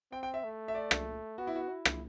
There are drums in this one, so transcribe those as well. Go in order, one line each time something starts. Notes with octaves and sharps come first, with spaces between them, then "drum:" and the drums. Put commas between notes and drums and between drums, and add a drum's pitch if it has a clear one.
C4 G5
G5
E5
A3
E5
D5
drum: rim click
B3 F#4
E4
F#4
E4
drum: rim click